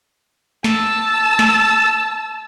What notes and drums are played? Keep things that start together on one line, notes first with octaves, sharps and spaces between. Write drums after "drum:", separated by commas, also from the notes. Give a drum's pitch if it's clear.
A5 E6, drum: snare
drum: snare